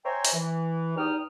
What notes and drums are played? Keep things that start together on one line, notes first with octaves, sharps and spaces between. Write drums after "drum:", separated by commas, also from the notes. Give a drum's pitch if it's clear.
C5 C#5 E5 G5 G#5 A#5
drum: open hi-hat
E3
E2 G2 D#4 G5 D#6 F6